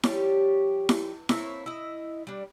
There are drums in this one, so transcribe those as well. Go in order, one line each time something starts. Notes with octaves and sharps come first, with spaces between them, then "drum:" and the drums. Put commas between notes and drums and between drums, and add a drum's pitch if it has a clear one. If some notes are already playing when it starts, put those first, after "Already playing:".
F3 G3 G4 C#5, drum: snare E4
drum: snare E4
A#3 C4 E4 C#5, drum: snare E4
E4 D#5
G3 D4